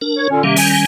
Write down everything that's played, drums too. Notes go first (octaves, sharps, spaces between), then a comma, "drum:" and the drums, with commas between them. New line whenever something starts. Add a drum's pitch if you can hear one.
D4 A#4
C#5
A#2 D3 C#4
C3 D#3 G3 A#3 C#4
G#5, drum: open hi-hat